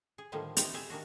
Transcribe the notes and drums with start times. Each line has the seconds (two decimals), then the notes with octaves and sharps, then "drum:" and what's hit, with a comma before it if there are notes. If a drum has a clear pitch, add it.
0.18 G#4
0.32 A2 D3 D#3 F3 G3 A#3
0.57 B3 D#4 E4 F#4 G4 C5, drum: hi-hat
0.74 G4 G#4 B4 D5 E5
0.90 D#3 A#3 D4 F#4